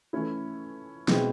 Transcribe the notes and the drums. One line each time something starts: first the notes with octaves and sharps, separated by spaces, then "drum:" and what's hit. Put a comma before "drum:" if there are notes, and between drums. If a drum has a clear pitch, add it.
E3 A3 C#4 E4
B2 G#3 C4 E4, drum: snare